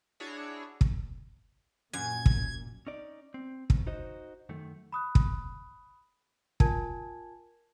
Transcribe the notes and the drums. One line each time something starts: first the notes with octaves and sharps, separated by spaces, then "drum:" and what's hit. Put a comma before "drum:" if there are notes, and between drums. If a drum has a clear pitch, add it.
D4 E4 F#4 G#4 C#5
drum: kick
F#2 A#2 G#6
drum: kick
C#4 D#4 D5
C4
D2, drum: kick
D#4 F#4 C5 D#5
F#2 D#3 A3
B5 D#6 F#6
drum: kick
F4 A#4 G#5 A5 G#6, drum: kick